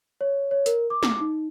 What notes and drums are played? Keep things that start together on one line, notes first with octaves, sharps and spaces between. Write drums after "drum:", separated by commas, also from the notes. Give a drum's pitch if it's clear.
C#5
C#5
A#4, drum: hi-hat
D6
drum: snare
D#4